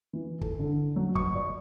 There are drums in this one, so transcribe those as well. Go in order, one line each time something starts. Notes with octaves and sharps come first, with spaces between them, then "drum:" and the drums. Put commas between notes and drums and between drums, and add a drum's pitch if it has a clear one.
E3
A4, drum: kick
D3
F#3
C#6, drum: kick
D5